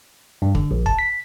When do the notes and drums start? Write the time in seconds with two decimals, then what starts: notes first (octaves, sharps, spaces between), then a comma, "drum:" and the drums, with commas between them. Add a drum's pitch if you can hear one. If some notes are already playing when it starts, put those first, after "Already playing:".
0.42 G2
0.55 D3, drum: kick
0.71 A#1
0.86 A5, drum: kick
0.99 B6